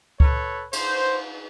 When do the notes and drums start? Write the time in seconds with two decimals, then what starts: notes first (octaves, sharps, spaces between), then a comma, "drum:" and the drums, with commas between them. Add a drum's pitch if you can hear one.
0.20 A4 B4 C#5, drum: kick C#2
0.73 C5, drum: cymbal